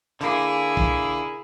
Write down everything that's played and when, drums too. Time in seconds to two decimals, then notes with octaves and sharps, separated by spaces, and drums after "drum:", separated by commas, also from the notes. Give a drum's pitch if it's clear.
0.21 D3 A#3 E4 G#4, drum: hi-hat
0.77 drum: kick C2